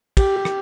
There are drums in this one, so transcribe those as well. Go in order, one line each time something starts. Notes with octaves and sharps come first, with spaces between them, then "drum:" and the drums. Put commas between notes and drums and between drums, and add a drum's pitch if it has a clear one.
G4, drum: kick, cymbal
G4
drum: rim click